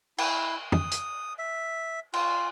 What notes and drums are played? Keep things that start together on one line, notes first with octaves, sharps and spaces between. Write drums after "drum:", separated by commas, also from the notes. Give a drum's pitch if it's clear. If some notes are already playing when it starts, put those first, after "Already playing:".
E4, drum: cymbal
D#6, drum: tom
drum: hi-hat
E5
F4, drum: cymbal